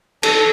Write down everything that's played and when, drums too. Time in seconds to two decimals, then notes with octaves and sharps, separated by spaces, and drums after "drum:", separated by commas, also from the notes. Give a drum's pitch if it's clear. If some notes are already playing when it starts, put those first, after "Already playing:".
0.23 A4, drum: cymbal